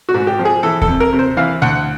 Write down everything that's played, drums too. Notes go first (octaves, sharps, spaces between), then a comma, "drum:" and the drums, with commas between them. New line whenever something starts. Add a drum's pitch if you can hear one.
F#4
G#2
G4
F3
G#4
E3 A4
A4, drum: kick D#2
F2
A#4
C3
C5
E3 F5
D2 F#5